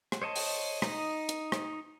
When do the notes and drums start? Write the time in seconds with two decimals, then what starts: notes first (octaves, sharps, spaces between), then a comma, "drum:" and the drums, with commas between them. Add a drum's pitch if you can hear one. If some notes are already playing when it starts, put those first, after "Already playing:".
0.12 drum: rim click
0.22 C5 C#5 D#5 A5
0.36 drum: open hi-hat
0.82 D#4 D#6, drum: rim click
1.29 drum: hi-hat
1.52 drum: rim click